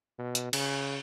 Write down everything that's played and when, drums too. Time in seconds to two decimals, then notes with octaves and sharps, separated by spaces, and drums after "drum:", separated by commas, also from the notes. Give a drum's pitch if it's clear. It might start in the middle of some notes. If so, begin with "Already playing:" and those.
0.19 B2
0.35 drum: hi-hat
0.53 C#3, drum: cymbal